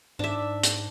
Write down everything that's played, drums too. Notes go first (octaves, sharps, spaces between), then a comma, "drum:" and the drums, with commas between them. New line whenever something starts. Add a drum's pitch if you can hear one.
G#2 D4 E5
drum: hi-hat